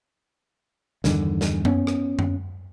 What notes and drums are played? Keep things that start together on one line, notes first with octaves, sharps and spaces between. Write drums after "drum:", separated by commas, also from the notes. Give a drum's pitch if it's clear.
E2 G2 D3 D#3, drum: snare
drum: snare
B3 C#4, drum: tom F#2
drum: rim click
drum: tom F#2